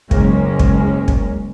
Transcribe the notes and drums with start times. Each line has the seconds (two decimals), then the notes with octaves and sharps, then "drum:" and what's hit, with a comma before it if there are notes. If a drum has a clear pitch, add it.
0.11 F#1 G#3 A#3 C#4, drum: kick
0.59 drum: kick
1.08 drum: kick